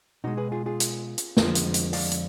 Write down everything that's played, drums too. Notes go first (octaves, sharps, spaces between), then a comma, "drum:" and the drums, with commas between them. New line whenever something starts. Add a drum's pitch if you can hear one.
B2 G#3 D#4 F#4
G#4 B4
F4 G#4
F4 G#4
drum: hi-hat
drum: hi-hat
F2 D3 F3 G#3, drum: snare
drum: hi-hat
drum: hi-hat
D5 F5, drum: open hi-hat
drum: hi-hat